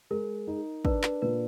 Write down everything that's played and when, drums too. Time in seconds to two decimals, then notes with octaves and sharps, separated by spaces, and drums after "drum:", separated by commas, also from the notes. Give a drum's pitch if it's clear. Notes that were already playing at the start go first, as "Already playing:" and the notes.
0.11 G#3 A#4
0.47 D#4
0.85 D4 B4, drum: kick
1.03 B4, drum: clap
1.22 A#2 B4